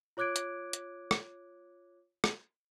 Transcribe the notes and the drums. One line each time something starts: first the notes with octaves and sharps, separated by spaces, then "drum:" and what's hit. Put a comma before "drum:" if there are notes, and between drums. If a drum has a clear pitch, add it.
F4 C#5 D6 F#6 G#6 D7
drum: hi-hat
drum: hi-hat
drum: rim click
drum: rim click